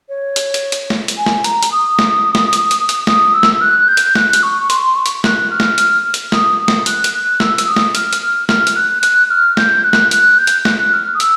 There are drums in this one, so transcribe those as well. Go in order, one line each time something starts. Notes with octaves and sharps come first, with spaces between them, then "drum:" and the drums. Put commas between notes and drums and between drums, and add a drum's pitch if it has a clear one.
C#5
drum: hi-hat
drum: hi-hat
drum: hi-hat
drum: snare
drum: hi-hat
G#5
drum: snare
A#5, drum: hi-hat
drum: hi-hat
D#6
drum: snare
drum: snare
drum: hi-hat
drum: hi-hat
drum: hi-hat
D#6, drum: snare
E6
drum: snare
F#6
G6
drum: hi-hat
F#6, drum: snare
drum: hi-hat
C#6
C6, drum: hi-hat
C#6
drum: hi-hat
F#6, drum: snare
F6
drum: snare
drum: hi-hat
drum: hi-hat
D#6, drum: snare
D#6
drum: snare
F#6, drum: hi-hat
drum: hi-hat
F#6
E6, drum: snare
drum: hi-hat
D#6
drum: snare
F6, drum: hi-hat
drum: hi-hat
F6
F6, drum: snare
drum: hi-hat
F#6
F#6, drum: hi-hat
F6
G6, drum: snare
F#6
drum: snare
F#6, drum: hi-hat
G6
drum: hi-hat
F#6, drum: snare
F#6
F6
D#6
E6, drum: hi-hat